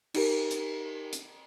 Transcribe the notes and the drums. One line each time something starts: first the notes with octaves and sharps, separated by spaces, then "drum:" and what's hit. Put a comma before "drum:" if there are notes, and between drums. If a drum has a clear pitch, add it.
D#4 G4 A#4, drum: cymbal
drum: hi-hat
drum: hi-hat